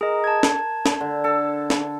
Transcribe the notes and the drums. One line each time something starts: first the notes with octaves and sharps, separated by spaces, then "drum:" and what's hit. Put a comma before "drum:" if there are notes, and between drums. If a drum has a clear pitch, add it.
G#4 A#4 D#5
A5 G#6
drum: snare
drum: snare
D3
A4
drum: snare